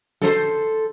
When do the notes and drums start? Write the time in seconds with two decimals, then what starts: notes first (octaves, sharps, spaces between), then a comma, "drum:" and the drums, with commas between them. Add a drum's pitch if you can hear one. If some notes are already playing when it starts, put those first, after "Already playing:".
0.22 A4 C5, drum: snare